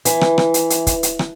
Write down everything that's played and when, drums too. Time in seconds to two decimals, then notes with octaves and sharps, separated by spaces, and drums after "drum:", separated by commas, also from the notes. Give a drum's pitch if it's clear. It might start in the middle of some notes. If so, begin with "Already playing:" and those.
0.05 E3, drum: hi-hat
0.21 drum: rim click
0.38 drum: rim click
0.54 drum: hi-hat
0.70 drum: hi-hat
0.87 drum: kick, hi-hat
1.03 drum: hi-hat
1.19 drum: rim click